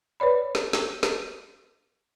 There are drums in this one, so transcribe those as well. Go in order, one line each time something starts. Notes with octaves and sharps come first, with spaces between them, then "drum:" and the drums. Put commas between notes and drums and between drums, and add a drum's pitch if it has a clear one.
B4 C#5 D5 B5
drum: snare
drum: snare
drum: snare